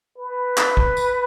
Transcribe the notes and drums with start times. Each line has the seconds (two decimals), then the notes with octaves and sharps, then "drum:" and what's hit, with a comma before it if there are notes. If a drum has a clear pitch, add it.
0.18 B4
0.57 drum: clap
0.77 drum: kick
0.97 drum: tambourine